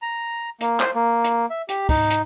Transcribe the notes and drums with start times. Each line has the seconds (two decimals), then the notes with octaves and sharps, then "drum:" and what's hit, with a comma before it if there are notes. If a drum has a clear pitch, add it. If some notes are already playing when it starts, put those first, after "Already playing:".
0.02 A#5
0.61 A#3, drum: hi-hat
0.80 C5, drum: clap
0.95 A#3
1.24 drum: hi-hat
1.50 E5
1.69 G4, drum: hi-hat
1.89 D#4, drum: kick, open hi-hat
2.10 drum: hi-hat